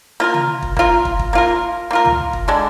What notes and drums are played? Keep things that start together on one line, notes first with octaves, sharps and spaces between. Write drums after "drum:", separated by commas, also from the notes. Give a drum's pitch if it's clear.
A#3 F4 A#4
drum: tom
drum: kick
A#3 F4 A#4, drum: kick
drum: kick
drum: kick
A#3 F4 A#4
A#3 F4 A#4
drum: tom
drum: kick
D3 G#3 D4